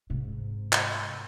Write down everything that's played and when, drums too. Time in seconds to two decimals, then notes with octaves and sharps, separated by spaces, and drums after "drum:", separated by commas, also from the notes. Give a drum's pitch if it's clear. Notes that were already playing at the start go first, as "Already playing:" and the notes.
0.10 G#2 C3
0.73 drum: clap